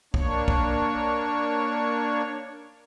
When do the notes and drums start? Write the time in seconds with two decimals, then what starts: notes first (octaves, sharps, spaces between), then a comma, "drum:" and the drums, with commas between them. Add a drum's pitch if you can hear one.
0.14 A#3 D4 C#5, drum: kick
0.48 drum: kick